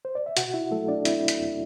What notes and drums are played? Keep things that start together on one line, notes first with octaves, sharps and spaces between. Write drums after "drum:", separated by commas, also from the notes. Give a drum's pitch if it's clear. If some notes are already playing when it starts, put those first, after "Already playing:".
C5
D5
E5
B2 F#4 F#5, drum: hi-hat
E4 E5
F#3 A3 A4
D4 D5
C4 E4 E5, drum: hi-hat
drum: hi-hat
E2